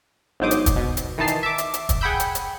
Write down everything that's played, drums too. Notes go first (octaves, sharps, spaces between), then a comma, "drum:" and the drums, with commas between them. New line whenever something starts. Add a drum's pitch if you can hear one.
G1 G#2 F#3 C5 D6 D#6
drum: hi-hat
drum: kick, hi-hat
B2
drum: hi-hat
D#3 E3 D#4 A5 C7
drum: hi-hat
E5 D6
drum: hi-hat
drum: hi-hat
drum: kick, hi-hat
G#4 F#5 G5 B5 E6 G6
drum: hi-hat
drum: hi-hat